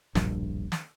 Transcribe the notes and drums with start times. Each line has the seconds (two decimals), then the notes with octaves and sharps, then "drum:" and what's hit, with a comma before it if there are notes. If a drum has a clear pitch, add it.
0.15 D1 A#1 G2, drum: snare
0.72 drum: snare